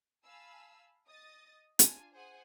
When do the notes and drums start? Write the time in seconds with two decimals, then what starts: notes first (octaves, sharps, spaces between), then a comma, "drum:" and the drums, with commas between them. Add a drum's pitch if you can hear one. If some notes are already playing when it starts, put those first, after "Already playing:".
0.25 F5 G#5 A5 B5 E6
1.07 D#5 D#6 A6
1.79 D4 F4 G#5 A5, drum: hi-hat
2.12 G#4 C5 F#5 G#5